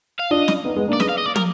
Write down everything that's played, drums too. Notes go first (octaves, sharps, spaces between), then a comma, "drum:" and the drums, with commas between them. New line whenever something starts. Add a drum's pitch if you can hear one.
F5
D4 F4 D#5
drum: snare
B3 D#4
G#3 B3
A#3 D4
D5
G#4 B4 D#5, drum: snare
F5
D#5
D5
A#4, drum: tom